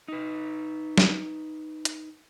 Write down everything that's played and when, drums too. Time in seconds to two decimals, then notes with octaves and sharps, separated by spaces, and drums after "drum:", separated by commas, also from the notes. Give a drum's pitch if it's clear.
0.08 D#4 B4
0.98 drum: snare
1.85 drum: hi-hat